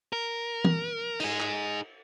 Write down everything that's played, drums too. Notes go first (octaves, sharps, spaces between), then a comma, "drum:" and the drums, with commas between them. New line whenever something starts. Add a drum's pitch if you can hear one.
A#4
drum: tom E3
D#4 G#4, drum: cymbal
drum: clap